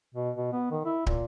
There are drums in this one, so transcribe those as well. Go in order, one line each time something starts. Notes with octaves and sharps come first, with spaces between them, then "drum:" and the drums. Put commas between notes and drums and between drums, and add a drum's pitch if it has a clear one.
B2
B2
B3
D#3
E4
A#2, drum: kick